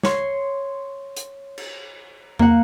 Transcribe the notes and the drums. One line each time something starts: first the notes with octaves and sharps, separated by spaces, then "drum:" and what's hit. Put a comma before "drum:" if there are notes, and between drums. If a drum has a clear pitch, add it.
C#5 C6, drum: snare
drum: hi-hat
drum: cymbal
A#3 F#5, drum: tom E2